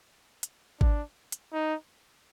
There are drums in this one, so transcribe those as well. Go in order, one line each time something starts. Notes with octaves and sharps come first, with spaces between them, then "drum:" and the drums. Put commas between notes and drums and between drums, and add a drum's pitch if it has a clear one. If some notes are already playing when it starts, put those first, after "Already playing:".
drum: hi-hat
D4, drum: kick G#1
drum: hi-hat
D#4